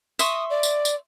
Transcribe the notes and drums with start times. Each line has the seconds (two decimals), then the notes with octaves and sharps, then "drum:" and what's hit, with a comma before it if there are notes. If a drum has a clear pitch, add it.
0.19 E5 C6 C#6 D#6, drum: tambourine
0.50 D5
0.63 drum: tambourine
0.85 drum: tambourine